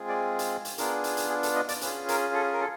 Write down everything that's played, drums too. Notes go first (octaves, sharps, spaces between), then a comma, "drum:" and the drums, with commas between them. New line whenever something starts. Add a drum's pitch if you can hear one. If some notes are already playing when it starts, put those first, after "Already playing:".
Already playing: G#3 C4 F4 G#4
D5
drum: hi-hat
drum: hi-hat
B3 D4 F4 G#4 A#4, drum: hi-hat
drum: hi-hat
drum: hi-hat
G#4
A4, drum: hi-hat
D#5
D5, drum: hi-hat
C#4 F4 G#4 B4, drum: hi-hat
A#4, drum: hi-hat
A4
A#4
A4